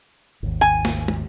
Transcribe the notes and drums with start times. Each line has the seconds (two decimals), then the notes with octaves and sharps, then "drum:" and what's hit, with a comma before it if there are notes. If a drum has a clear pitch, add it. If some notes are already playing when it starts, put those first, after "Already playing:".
0.43 G#1 D#2
0.61 G#5
0.85 drum: snare A#3
1.08 drum: tom